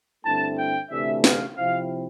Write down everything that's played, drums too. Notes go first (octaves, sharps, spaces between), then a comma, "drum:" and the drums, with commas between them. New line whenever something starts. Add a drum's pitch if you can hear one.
G2 D3 A3 C4 E4 A5
G5
D2 C3 E3 A3 D4 E5
F5, drum: snare
C3 F3 C4 E4 F5